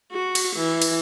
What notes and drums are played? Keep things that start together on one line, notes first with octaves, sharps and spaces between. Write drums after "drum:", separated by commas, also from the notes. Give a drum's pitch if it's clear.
F#4
drum: cymbal
E3
drum: cymbal